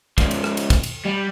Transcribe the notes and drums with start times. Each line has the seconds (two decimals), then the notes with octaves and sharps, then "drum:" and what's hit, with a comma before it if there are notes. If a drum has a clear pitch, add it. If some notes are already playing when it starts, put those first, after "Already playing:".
0.18 G#2 F3, drum: kick, cymbal
0.31 drum: cymbal
0.44 drum: rim click
0.57 drum: cymbal
0.70 drum: kick, cymbal
0.83 drum: cymbal
1.05 G3